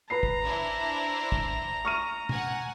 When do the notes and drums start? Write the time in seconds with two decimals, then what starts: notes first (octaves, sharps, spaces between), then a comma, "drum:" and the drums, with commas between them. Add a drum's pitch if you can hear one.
0.10 B4 A#5 B5 C7
0.23 drum: kick
0.43 D4 E4 C5
1.32 drum: kick
1.85 C#6 F6 D#7
2.29 F#5 G#5, drum: tom